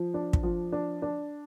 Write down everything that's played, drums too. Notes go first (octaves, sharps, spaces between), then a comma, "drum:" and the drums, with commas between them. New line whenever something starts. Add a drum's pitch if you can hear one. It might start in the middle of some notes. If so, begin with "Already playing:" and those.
Already playing: F3
D4
drum: kick
F3
D4
D4